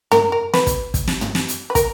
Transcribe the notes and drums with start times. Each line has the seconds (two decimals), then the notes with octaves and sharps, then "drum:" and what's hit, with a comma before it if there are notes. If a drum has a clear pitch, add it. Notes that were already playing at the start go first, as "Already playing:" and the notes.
0.12 A#4, drum: tom
0.32 A#4
0.54 B4, drum: snare
0.67 drum: kick, hi-hat
0.94 drum: kick, hi-hat
1.07 drum: snare
1.21 drum: tom
1.35 drum: snare
1.48 drum: hi-hat
1.70 B4
1.75 A#4, drum: kick, hi-hat